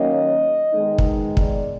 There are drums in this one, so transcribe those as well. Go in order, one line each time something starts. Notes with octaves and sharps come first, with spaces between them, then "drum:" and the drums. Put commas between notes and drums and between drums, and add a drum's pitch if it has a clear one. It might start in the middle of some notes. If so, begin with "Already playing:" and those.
Already playing: D#3 F#3 A#3 C#4 D#5
D#3 G#3 B3 D#4
drum: kick
D5, drum: kick